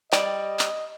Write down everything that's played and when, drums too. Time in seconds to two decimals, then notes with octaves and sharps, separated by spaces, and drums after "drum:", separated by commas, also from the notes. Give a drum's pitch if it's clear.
0.13 G3 D5 D#5, drum: clap
0.59 drum: clap